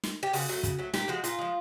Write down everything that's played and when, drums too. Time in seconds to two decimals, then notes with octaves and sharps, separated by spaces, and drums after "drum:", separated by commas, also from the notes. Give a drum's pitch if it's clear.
0.03 drum: snare
0.23 G4
0.33 C#3 F#4, drum: open hi-hat
0.49 F#3 A3
0.63 C#3, drum: kick, hi-hat
0.79 F#3 A3
0.94 A#2 G4, drum: snare
1.08 F3 G#3 F#4
1.24 A#2 F4, drum: hi-hat
1.39 F3 G#3